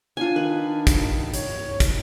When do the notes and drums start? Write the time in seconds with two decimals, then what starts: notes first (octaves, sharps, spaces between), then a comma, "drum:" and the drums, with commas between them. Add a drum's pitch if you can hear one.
0.17 D4 F4 G#5
0.36 D#3 B4
0.87 drum: kick, hi-hat
1.34 C#5, drum: hi-hat
1.80 drum: kick, hi-hat